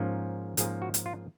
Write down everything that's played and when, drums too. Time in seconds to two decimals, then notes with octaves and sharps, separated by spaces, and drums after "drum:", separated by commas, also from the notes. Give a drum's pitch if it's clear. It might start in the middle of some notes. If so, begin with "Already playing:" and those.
Already playing: G#2 F3 A#3 C#4
0.57 G#2 F3 A#3 C#4 G#4, drum: hi-hat
0.82 F#4
0.94 drum: hi-hat
1.06 F4